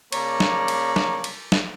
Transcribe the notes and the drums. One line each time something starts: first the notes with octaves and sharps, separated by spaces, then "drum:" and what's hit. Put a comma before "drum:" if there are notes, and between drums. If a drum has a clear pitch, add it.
C#3 A#3 C#5 D5 A5 A#5, drum: cymbal
drum: snare
drum: cymbal
drum: snare
drum: cymbal
drum: snare